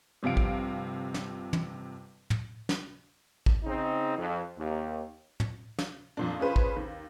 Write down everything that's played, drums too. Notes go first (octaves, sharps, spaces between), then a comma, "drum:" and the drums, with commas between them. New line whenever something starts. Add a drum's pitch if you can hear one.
G1 C3 F3 F5 D7
drum: kick A1
drum: snare
drum: tom
drum: tom
drum: snare
drum: kick A1
C#3 C4 D#4
F2
D#2
drum: tom
drum: snare
F2 A#2 D4
C#4 F4 G#4 B4 C5
drum: kick A1
D#2